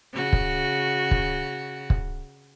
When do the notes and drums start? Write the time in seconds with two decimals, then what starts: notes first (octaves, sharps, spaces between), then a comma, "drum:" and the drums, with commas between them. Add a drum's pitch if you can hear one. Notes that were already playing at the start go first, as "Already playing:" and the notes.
0.13 C#3 F#4
0.33 drum: kick
1.11 drum: kick
1.90 drum: kick